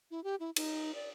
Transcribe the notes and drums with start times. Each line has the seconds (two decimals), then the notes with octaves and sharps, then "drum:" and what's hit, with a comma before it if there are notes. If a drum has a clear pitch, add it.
0.11 E4
0.24 G4
0.40 E4
0.56 D#4, drum: cymbal
0.95 D5